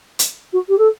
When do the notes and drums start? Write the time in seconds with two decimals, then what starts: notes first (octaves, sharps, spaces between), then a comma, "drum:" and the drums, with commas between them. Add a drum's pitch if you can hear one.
0.19 drum: hi-hat
0.53 F#4
0.68 G4
0.78 A4